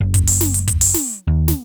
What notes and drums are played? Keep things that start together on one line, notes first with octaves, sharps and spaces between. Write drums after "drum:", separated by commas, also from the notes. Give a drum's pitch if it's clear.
F#1
drum: kick, hi-hat
drum: open hi-hat
drum: snare
drum: hi-hat
drum: kick, hi-hat
drum: open hi-hat
drum: snare
D#2
drum: snare